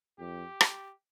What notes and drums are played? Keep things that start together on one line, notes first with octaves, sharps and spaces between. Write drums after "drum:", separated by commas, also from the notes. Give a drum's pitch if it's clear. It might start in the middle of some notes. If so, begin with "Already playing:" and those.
F2 G4
drum: rim click